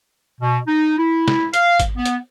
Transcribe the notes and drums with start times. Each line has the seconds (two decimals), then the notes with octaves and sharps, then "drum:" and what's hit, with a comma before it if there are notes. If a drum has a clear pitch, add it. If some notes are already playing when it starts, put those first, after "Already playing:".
0.41 B2
0.67 D#4
0.98 E4
1.28 drum: snare
1.54 F5, drum: hi-hat
1.80 drum: kick G#1, hi-hat
1.96 B3
2.05 drum: hi-hat